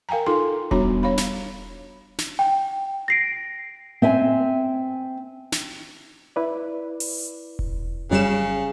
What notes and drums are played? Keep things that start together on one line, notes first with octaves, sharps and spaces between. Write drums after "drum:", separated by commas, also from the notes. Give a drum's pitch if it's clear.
A#4 F5 G5 G#5 A#5
D#4 F4 A4 C6
G3 B3 D4 F#4 C#5 A#5, drum: kick E1
C#5 F5 B5
drum: snare
drum: snare
G5
A#6 C7 D7
C4 E5 G#5
drum: snare
E4 B4 D5
drum: open hi-hat
drum: kick E1
F#2 C#3 G3 E7